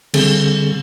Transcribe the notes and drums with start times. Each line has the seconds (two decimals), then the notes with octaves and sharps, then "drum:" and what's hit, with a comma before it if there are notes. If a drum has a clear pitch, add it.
0.14 D3 G3 C4 G#4 A4, drum: cymbal